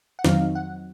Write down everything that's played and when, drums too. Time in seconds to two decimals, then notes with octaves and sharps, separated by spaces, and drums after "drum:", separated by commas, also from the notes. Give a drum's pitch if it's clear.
0.19 F#5
0.24 F2 D#3 F#3 C4 D#4 F5, drum: snare
0.55 F#5